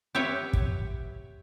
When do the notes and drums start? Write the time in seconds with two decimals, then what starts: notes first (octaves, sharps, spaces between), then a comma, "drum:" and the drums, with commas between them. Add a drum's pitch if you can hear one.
0.15 G4 B4 C#5 E5 F#5
0.53 drum: kick